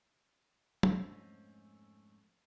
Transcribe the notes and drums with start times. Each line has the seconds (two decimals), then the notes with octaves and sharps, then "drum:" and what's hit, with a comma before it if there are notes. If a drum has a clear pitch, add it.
0.83 F2 G#2 A3 C4 C#4, drum: tom